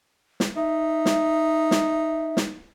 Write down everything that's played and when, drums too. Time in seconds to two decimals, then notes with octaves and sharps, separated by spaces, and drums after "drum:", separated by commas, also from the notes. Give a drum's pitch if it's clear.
0.40 drum: snare
0.56 D#4 E5
1.06 drum: snare
1.71 drum: snare
2.37 drum: snare